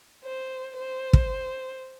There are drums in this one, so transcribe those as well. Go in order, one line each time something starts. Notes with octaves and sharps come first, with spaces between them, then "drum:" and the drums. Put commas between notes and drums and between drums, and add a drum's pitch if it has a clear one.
C5
C5
drum: kick